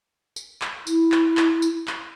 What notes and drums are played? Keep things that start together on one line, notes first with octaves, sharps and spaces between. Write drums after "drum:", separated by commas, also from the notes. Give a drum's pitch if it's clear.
drum: tambourine
drum: clap
E4, drum: tambourine
drum: clap
drum: clap
drum: tambourine
drum: clap